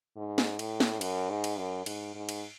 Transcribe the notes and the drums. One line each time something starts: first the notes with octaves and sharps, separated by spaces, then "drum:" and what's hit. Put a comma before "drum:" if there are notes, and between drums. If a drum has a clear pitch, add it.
G#2
drum: snare
A2, drum: cymbal
drum: snare
F#2, drum: cymbal
G#2
drum: cymbal
F#2
G#2, drum: cymbal
G#2
drum: cymbal